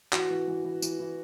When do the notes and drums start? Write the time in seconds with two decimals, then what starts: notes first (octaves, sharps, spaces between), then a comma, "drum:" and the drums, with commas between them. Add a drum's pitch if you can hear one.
0.13 E3 F#4, drum: clap
0.30 E3
0.48 E3
0.65 E3
0.82 E3, drum: tambourine
1.00 E3